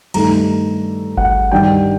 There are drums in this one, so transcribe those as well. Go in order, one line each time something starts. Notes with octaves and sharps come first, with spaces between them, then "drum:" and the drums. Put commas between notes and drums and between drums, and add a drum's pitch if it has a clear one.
G2 D#3 A3 D#4 A#5, drum: cymbal
F#5, drum: kick G1
G2 D#3 G3 D4 G5